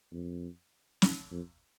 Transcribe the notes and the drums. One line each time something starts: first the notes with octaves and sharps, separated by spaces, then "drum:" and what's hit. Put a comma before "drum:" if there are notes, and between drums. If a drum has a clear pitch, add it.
F2
drum: snare
F2